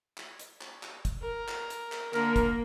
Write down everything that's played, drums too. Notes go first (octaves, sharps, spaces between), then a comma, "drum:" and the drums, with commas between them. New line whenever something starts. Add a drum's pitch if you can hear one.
drum: clap
drum: hi-hat
drum: clap
drum: clap
drum: kick, hi-hat
A#4
drum: clap
drum: hi-hat
drum: clap
D3 A#3 A#4, drum: clap
drum: kick, hi-hat